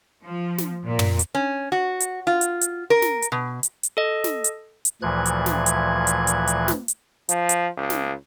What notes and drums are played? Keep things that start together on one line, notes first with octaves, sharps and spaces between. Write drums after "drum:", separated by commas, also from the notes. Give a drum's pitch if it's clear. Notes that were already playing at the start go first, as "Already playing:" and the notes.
F3
drum: snare
A#2
drum: tom
drum: hi-hat
C#4
F#4
drum: hi-hat
F4
drum: hi-hat
drum: hi-hat
A#4
drum: snare
drum: hi-hat
B2
drum: hi-hat
drum: hi-hat
A4 D#5
drum: snare
drum: hi-hat
drum: hi-hat
D2 A#2 E3 F3 F#6 G#6
drum: hi-hat
drum: snare
drum: hi-hat
drum: hi-hat
drum: hi-hat
drum: hi-hat
drum: snare
drum: hi-hat
F3, drum: hi-hat
drum: hi-hat
C#2
drum: snare